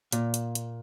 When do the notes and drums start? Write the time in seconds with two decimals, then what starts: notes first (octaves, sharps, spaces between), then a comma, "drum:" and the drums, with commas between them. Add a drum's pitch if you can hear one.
0.12 A#2, drum: hi-hat
0.34 drum: hi-hat
0.55 drum: hi-hat